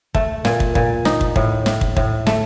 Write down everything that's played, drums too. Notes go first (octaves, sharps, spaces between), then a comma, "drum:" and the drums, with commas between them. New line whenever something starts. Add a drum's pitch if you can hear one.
A3, drum: kick
A#2, drum: snare
drum: kick
A#2, drum: kick
D#4, drum: snare
drum: kick
A2, drum: kick
A2, drum: snare
drum: kick
A2, drum: kick
A3, drum: snare